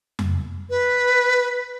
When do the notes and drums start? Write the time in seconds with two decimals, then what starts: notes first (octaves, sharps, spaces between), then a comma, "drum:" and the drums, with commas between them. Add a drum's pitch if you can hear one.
0.19 drum: tom F2
0.70 B4